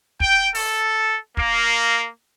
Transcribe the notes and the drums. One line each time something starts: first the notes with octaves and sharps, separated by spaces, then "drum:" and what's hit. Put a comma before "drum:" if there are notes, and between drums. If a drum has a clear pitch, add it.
G5, drum: kick
A4, drum: open hi-hat
A#3, drum: kick